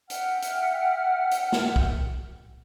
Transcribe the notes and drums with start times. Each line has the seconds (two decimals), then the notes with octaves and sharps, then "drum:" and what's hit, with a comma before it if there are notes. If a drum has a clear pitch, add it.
0.10 E5 F#5 G5 F6, drum: hi-hat
0.42 drum: hi-hat
1.31 drum: hi-hat
1.52 drum: snare
1.76 drum: kick